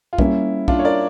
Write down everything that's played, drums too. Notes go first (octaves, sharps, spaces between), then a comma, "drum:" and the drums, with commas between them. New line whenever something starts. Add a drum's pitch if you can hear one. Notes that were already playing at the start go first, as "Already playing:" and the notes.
F4
G3 A#3 C#4 E4 G4, drum: kick
D4 F4, drum: kick
C#5
A#4 D5